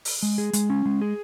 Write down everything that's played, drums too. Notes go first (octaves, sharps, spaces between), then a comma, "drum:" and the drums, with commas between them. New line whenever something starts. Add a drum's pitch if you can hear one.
drum: open hi-hat
G#3
G#4
G#3, drum: hi-hat
C#4
G#3
G#4